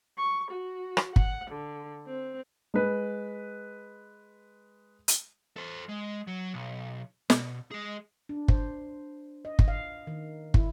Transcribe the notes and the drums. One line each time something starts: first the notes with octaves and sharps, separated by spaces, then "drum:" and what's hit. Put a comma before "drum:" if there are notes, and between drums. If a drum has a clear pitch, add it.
C#6
F#4
drum: rim click
F#5, drum: kick
D3
C4
G#3 B4
drum: hi-hat
A4 C5
G#3
F#3
B1
B2, drum: snare
G#3 G#4
D4
C5, drum: kick
D#5
drum: kick
F5
D#3
E4, drum: kick